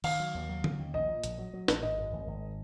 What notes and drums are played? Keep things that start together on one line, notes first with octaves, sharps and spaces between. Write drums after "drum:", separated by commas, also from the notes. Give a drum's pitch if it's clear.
D#3 F5, drum: cymbal
F#3
D#2
F#3
C#4, drum: tom D3
D#2
A#1 D#5
A#2
A#1, drum: hi-hat
F#3
F#3
A#1, drum: snare
G#1 D#5
F#2
G#1
G#1